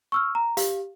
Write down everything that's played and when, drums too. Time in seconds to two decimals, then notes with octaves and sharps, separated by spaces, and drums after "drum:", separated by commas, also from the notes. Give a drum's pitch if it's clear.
0.12 C#6 E6 F6
0.35 A#5
0.57 G4 F5, drum: hi-hat